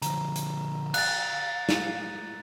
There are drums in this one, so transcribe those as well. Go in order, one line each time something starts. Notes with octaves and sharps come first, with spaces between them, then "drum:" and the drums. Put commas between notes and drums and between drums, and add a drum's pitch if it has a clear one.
D3 F3 A#5, drum: hi-hat
drum: hi-hat
F5 F#6 A6, drum: cymbal
drum: snare